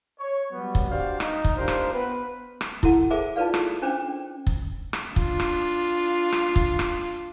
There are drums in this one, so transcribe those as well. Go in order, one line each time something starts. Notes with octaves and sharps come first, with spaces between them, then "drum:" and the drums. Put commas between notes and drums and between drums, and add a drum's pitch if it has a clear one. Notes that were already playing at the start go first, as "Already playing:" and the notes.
C#5
F#3 G3 B3
drum: kick
D4 F#4 G4 C5 D5 F5
D#4, drum: rim click
drum: kick
D4 F4 G4 A#4 C5
drum: rim click
B3 B4
drum: rim click
E4 F#4 A4 F#5, drum: kick
G#4 A#4 C5 E5 D6
D#4 F4 A4 B4 D5 F5
drum: rim click
C#4 D4 C5 G5 D6
drum: kick
drum: rim click
D4 F4, drum: kick
drum: rim click
drum: rim click
drum: kick
drum: rim click